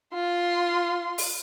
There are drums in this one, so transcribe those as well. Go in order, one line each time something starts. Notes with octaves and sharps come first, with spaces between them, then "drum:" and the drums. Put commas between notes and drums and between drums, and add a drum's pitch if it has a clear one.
F4 C6
drum: open hi-hat